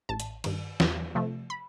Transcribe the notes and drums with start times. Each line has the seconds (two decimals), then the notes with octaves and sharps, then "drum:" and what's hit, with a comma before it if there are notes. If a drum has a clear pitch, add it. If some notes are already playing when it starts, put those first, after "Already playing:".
0.09 A1 A5
0.20 drum: hi-hat
0.44 G2 D#3, drum: cymbal
0.80 E2, drum: snare
1.15 C3 F3 A3
1.50 B5